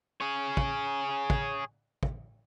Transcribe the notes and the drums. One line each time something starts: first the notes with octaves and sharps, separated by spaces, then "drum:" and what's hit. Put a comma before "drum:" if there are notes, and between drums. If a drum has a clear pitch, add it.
G#4 C#5
drum: kick
drum: kick
drum: kick